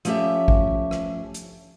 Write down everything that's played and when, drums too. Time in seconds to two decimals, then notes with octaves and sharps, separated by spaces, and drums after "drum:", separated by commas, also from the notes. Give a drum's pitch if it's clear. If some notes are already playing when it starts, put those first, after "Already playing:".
0.05 F3 A3 C#4 G4 E5, drum: hi-hat
0.48 drum: kick
0.91 drum: rim click
1.34 drum: hi-hat